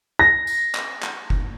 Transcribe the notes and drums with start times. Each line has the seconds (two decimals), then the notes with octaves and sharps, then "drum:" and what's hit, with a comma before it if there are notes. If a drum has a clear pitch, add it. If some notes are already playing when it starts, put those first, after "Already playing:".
0.19 A#6
0.47 drum: tambourine
0.75 drum: clap
1.03 drum: clap
1.30 drum: kick F#1